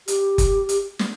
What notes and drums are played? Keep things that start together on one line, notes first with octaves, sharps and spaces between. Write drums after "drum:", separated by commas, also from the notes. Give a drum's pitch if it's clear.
G4, drum: hi-hat
drum: kick F#1, hi-hat
drum: hi-hat
drum: snare